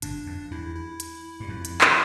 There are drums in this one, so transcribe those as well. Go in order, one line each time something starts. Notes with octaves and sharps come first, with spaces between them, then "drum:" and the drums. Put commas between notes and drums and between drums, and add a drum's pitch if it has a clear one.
G1 G2 D4, drum: hi-hat
F2
E2 E4
E4
drum: hi-hat
G2
F2
drum: hi-hat
drum: clap